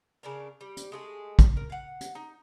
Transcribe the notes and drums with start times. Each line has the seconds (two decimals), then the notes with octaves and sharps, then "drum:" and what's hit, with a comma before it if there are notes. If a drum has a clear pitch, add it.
0.23 C#3 D4 A#4
0.61 G3
0.77 drum: hi-hat
0.92 G#3 A3 G#4
1.39 drum: kick, hi-hat
1.57 A#4
1.70 F5 F#5
2.01 drum: hi-hat
2.15 D#4